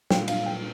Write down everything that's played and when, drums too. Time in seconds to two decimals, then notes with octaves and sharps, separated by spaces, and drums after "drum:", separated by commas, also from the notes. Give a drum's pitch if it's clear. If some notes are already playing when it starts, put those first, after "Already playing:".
0.11 A#2 G3 G5, drum: snare
0.28 F5, drum: cymbal
0.46 G5